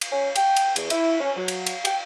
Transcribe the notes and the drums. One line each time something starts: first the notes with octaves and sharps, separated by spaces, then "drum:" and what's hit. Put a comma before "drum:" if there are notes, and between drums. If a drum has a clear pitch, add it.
drum: cymbal
C#4
G5, drum: cymbal
drum: cymbal
E2, drum: cymbal
E4, drum: cymbal
C#4
F#3
drum: cymbal
drum: cymbal
G5, drum: cymbal